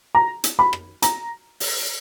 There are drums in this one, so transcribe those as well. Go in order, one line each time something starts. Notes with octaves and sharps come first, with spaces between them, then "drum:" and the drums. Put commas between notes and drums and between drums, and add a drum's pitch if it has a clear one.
A#5
drum: hi-hat
B5
drum: rim click
A#5, drum: hi-hat
drum: open hi-hat